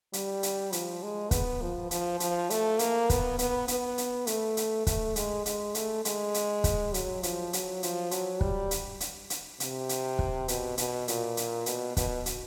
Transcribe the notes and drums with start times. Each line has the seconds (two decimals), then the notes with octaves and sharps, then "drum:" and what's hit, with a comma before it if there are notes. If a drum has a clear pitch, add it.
0.13 G3, drum: hi-hat
0.43 drum: hi-hat
0.72 F3, drum: hi-hat
1.03 G#3
1.31 B3, drum: kick, hi-hat
1.62 F3
1.91 F3, drum: hi-hat
2.20 F3, drum: hi-hat
2.50 A3, drum: hi-hat
2.79 A#3, drum: hi-hat
3.10 B3, drum: kick, hi-hat
3.39 B3, drum: hi-hat
3.68 B3, drum: hi-hat
3.98 drum: hi-hat
4.27 A3, drum: hi-hat
4.57 drum: hi-hat
4.87 A3, drum: kick, hi-hat
5.16 G#3, drum: hi-hat
5.46 G#3, drum: hi-hat
5.75 A3, drum: hi-hat
6.05 G#3, drum: hi-hat
6.34 drum: hi-hat
6.64 drum: kick, hi-hat
6.94 F#3, drum: hi-hat
7.23 F3, drum: hi-hat
7.53 F#3, drum: hi-hat
7.83 F3, drum: hi-hat
8.11 F#3, drum: hi-hat
8.41 G3, drum: kick
8.71 drum: hi-hat
9.00 drum: hi-hat
9.30 drum: hi-hat
9.60 C3, drum: hi-hat
9.89 drum: hi-hat
10.19 drum: kick
10.48 B2, drum: hi-hat
10.78 B2, drum: hi-hat
11.08 A#2, drum: hi-hat
11.37 drum: hi-hat
11.66 B2, drum: hi-hat
11.97 B2, drum: kick, hi-hat
12.26 drum: hi-hat